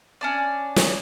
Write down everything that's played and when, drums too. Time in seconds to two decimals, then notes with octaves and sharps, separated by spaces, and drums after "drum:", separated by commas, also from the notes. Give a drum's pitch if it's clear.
0.21 C#4 D4 D5
0.76 drum: snare